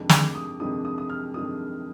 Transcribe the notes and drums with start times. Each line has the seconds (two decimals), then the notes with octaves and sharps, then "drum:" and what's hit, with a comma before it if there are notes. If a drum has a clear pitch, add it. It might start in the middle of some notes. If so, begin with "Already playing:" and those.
Already playing: F2 C3 D#3 G#3 D4
0.09 D6, drum: snare
0.35 D#6
0.59 F2 C3 D#3 G#3 D4 D#6
0.85 D#6
0.98 D#6
1.09 F6
1.34 F2 C3 D#3 G#3 D4 D#6